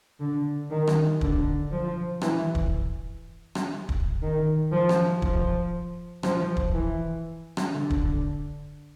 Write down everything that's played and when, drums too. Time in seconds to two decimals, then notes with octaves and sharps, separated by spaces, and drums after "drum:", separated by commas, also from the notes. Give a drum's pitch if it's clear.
0.20 D3
0.70 D#3
0.87 drum: rim click
1.21 D3, drum: kick
1.71 F3
2.21 E3, drum: rim click
2.55 drum: kick
3.55 drum: rim click
3.89 drum: kick
4.22 D#3
4.72 F3
4.89 drum: rim click
5.22 F3, drum: kick
6.23 F3, drum: rim click
6.57 drum: kick
6.73 E3
7.57 drum: rim click
7.73 D3
7.90 drum: kick